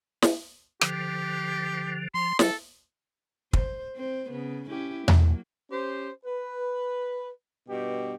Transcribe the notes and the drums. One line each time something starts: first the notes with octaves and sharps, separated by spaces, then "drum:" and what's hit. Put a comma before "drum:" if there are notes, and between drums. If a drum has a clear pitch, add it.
drum: snare
D3 F3 G4, drum: rim click
F3 C6
F#3 A4, drum: snare
C5, drum: kick
C4 C5
C#3 B3
C#4 E4 G4
F#3 A#3, drum: tom E2
C#4 G4 C5
B4
G2 B2 G4